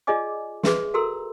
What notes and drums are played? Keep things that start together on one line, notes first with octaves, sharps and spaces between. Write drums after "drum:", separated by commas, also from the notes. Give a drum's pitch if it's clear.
F4 G#4 D5 D#5 G#5 D6
G#4 B4 E5 C6, drum: snare
F#4 A4 A#4 A#5 C6 E6